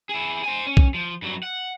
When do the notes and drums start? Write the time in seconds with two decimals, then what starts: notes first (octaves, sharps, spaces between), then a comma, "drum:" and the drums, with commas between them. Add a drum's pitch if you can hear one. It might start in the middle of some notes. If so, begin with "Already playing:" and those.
0.09 E4 G#4
0.44 C5 G#5
0.67 C#4
0.77 drum: kick B1
0.94 F3
1.22 G2 F#3
1.43 F#5